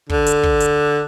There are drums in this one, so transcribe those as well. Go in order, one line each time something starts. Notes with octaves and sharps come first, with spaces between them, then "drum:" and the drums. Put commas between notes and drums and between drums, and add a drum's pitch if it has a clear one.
D3, drum: kick
drum: hi-hat
drum: kick
drum: hi-hat